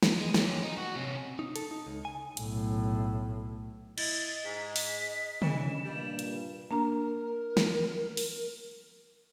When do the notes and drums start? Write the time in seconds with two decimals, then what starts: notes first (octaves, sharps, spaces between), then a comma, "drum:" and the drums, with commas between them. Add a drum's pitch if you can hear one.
0.03 drum: snare
0.18 G#3
0.34 C#4 G4, drum: snare
0.63 D#4
0.78 F#4
0.95 C3 C#4
1.39 D#4
1.56 A4, drum: hi-hat
1.71 D#4
1.87 C#2
2.05 G#5
2.37 B1 A2, drum: hi-hat
3.98 E4 D#5 A6, drum: cymbal
4.45 G#2 B6
4.76 drum: open hi-hat
5.42 E3 C#4 D4 E7, drum: tom
5.84 G2 A#2 G3
6.19 drum: hi-hat
6.71 A#3 D4 A#4 A#5
7.57 drum: snare
8.17 drum: open hi-hat